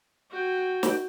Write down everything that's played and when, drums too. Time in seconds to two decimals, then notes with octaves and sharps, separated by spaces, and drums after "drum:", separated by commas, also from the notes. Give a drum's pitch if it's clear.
0.30 F#4 G5
0.83 drum: snare